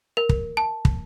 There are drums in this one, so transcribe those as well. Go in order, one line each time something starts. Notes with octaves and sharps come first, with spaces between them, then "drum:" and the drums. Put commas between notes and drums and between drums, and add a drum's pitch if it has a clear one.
A#4
drum: kick
A5
drum: kick